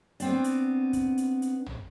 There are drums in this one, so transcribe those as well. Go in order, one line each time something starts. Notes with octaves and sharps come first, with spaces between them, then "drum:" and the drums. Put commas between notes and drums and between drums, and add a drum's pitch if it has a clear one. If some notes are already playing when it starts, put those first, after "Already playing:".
B3 C4 D4, drum: hi-hat
drum: hi-hat
drum: kick, hi-hat
drum: hi-hat
drum: hi-hat
drum: tom